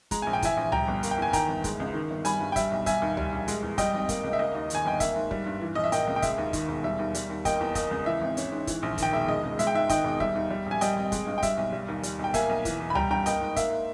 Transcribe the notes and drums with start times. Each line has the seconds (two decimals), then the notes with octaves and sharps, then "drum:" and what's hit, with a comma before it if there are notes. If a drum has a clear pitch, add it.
0.11 G#3 A#5, drum: kick, hi-hat
0.22 A#1 G#5
0.33 G5
0.42 E3 E5 G#5, drum: kick, hi-hat
0.57 A#1
0.72 G3 G5 A#5, drum: tom C#2
0.88 G1
1.03 A#3, drum: hi-hat
1.11 G5
1.18 E2 G#5
1.33 D#3 G5 A#5, drum: kick, hi-hat
1.48 G1
1.64 G#3, drum: kick, hi-hat
1.80 C#2
1.94 D#3
2.10 G1
2.25 G3 G#5 B5, drum: hi-hat
2.40 G2
2.52 G5
2.56 G3 E5, drum: kick, hi-hat
2.72 B1
2.86 G3 E5 G#5, drum: kick, hi-hat
3.02 D#2
3.17 G3, drum: tom C#2
3.32 A#1
3.48 G#3, drum: hi-hat
3.63 E2
3.78 G3 D#5 G5, drum: kick, hi-hat
3.94 G#1
4.09 A#3, drum: kick, hi-hat
4.24 C#2
4.33 E5
4.39 A#3 D#5
4.55 D#2
4.70 D#3 G#5, drum: hi-hat
4.85 G1 G5
5.00 A#3 E5, drum: kick, hi-hat
5.16 G#2
5.31 G3, drum: kick
5.46 G2
5.61 E3
5.75 A#1 D#5
5.84 E5
5.92 A#3 D#5 G5, drum: hi-hat
6.07 C#2
6.16 G5
6.22 G#3 E5, drum: kick, hi-hat
6.38 D#2
6.53 D#3, drum: kick, hi-hat
6.68 E1
6.84 G3 E5
6.99 D#2
7.15 G3, drum: hi-hat
7.30 D#2
7.45 A#3 D#5 G5, drum: kick, hi-hat
7.60 E2
7.75 A#3 D#5, drum: kick, hi-hat
7.91 C#2
8.06 E3 E5
8.21 G#1
8.37 C#4, drum: hi-hat
8.52 G#2
8.67 E3, drum: kick, hi-hat
8.83 A#1
8.98 D#3 G5, drum: kick, hi-hat
9.13 E1 E5
9.28 G#3 D#5
9.44 C#2
9.59 G#3 E5, drum: hi-hat
9.67 G5
9.74 G#2 E5
9.89 D#3 D#5 G5, drum: kick, hi-hat
10.04 E1
10.20 G3 E5, drum: kick
10.35 D#2
10.50 G3
10.66 A#1
10.71 G#5
10.81 G3 D#5 G5, drum: hi-hat
10.96 G#1
11.12 G#3, drum: kick, hi-hat
11.27 G2
11.38 G5
11.42 G3 E5, drum: kick, hi-hat
11.58 B1
11.72 G3
11.88 D#2
12.03 G3, drum: hi-hat
12.19 B1
12.24 G5
12.34 A#3 E5 G#5, drum: kick, hi-hat
12.49 B1
12.65 E3, drum: kick, hi-hat
12.80 E2
12.90 B5
12.95 G3 G5 A#5, drum: tom C#2
13.10 G2 G5 A#5
13.26 A#3 D#5 G5, drum: hi-hat
13.41 G#2
13.56 A#3 E5, drum: kick, hi-hat